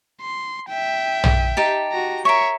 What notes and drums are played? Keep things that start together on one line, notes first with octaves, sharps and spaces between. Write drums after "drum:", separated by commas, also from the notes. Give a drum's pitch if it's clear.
C6
E5 G5
drum: tom
D#4 G4 A5
F#4 A#5
A#4 C#5 E5 C#6